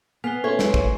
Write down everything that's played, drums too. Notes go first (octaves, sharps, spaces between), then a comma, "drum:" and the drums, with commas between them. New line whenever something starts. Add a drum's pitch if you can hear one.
B3 B4 G#5 F6 C7 G7
A3 C#4 C#5 C6 C#6
drum: snare
drum: kick